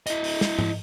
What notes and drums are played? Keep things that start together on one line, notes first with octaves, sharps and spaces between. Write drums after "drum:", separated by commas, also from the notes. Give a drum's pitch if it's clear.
E4 D#5, drum: hi-hat
drum: open hi-hat
drum: snare
drum: tom G#2